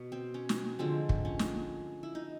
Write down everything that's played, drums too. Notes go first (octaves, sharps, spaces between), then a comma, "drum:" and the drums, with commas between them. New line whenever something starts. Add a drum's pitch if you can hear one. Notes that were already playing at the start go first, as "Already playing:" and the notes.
Already playing: B2
C4
C#4
drum: snare
D3 F3 G#3 C4
drum: kick
C#4
drum: snare
E4
D#4